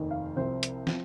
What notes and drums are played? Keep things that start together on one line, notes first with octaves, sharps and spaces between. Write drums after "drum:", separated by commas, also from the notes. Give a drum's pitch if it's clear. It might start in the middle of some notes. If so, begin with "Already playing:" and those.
Already playing: F1 D#2 D#3
F5
C2 C3 F3 C4 C5
drum: hi-hat
F3 C4, drum: snare